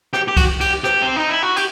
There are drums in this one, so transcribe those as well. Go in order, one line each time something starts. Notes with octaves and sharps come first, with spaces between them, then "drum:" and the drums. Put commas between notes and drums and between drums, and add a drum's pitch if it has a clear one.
G4, drum: rim click
G4
F#4, drum: kick C2, cymbal
G4, drum: cymbal
G4, drum: rim click
C4
D#4
E4
F#4
G4, drum: cymbal